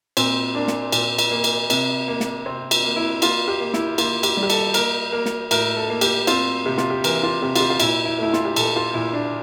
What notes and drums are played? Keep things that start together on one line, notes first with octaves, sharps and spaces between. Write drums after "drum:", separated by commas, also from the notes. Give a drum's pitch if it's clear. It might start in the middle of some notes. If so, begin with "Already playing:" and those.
A#2 C4, drum: cymbal
A#3 D4
drum: snare
A#2, drum: cymbal
drum: cymbal
A#3
drum: cymbal
C3, drum: cymbal
A#3
drum: snare
C3 C4
drum: cymbal
A#3
E4
A#3 F4, drum: cymbal
G4
A#3
E4, drum: snare
A#3 F4, drum: cymbal
G4, drum: cymbal
G3
G4
A4, drum: cymbal
A#3 A#4, drum: cymbal
A#3 A#4
drum: snare
A2 A#4, drum: cymbal
A4
A#3
G4, drum: cymbal
C4 F4, drum: cymbal
C3 G4
F4, drum: snare
G4
E3 A#4, drum: cymbal
F4
C3 G4
F4, drum: cymbal
G4
F4
A#2 E4, drum: cymbal
E4
A3 E4
F4, drum: snare
G4
A#2 A4, drum: cymbal
F4
A#2 E4
D4